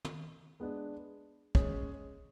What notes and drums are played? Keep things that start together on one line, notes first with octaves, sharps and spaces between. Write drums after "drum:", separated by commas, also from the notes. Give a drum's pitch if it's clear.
drum: tom
G#3 B3 D4
G#3 C#4 G#4, drum: kick